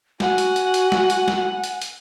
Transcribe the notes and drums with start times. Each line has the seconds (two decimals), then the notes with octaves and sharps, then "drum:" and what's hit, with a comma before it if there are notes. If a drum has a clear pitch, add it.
0.20 F#4 F#5 G#5, drum: snare
0.38 drum: hi-hat
0.56 drum: hi-hat
0.74 drum: hi-hat
0.92 drum: snare
1.10 drum: hi-hat
1.28 drum: snare
1.64 drum: hi-hat
1.81 drum: hi-hat